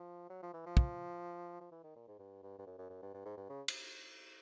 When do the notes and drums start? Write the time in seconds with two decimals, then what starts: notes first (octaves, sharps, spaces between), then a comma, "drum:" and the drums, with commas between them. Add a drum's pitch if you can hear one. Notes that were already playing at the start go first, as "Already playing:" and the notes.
Already playing: F3
0.30 F#3
0.42 F3
0.54 E3
0.66 F3
0.77 drum: kick
1.61 F3
1.71 E3
1.84 D#3
1.96 A#2
2.08 G#2
2.19 G2
2.43 G2
2.58 G2
2.66 F#2
2.78 F#2
2.90 F#2
3.02 G2
3.14 G2
3.25 G#2
3.37 G2
3.49 C#3
3.68 drum: cymbal